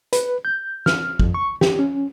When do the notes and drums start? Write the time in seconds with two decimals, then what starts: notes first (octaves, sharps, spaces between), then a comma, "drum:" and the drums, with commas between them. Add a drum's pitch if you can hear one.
0.13 B4, drum: hi-hat
0.45 G6
0.86 F6, drum: snare
1.20 F2, drum: kick
1.34 C#6
1.61 G4, drum: snare
1.79 C#4